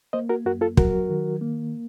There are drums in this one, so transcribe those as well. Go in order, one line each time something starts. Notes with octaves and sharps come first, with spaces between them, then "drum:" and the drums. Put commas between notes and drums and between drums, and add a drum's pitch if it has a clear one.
A#3 C5 D#5
F#4 A#4
F#2 F#4 A#4
F4 A4
F#3 F#4 A#4, drum: kick
D#3
A#3